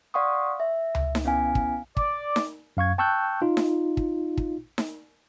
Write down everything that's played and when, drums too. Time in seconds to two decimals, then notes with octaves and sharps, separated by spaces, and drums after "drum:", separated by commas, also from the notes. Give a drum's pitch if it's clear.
0.14 D5 F5 F#5 C6 C#6 D#6
0.60 E5
0.95 drum: tom C#2
1.15 drum: snare D#4
1.25 B3 C#4 E4 F5 G#5
1.55 drum: kick
1.97 D5, drum: kick
2.36 drum: snare D#4
2.77 F#2 F5 C#6 G#6
2.98 G5 A5 C#6 E6 F#6 G6
3.42 D#4 F4
3.57 drum: snare D#4
3.97 drum: kick
4.37 drum: kick
4.78 drum: snare D#4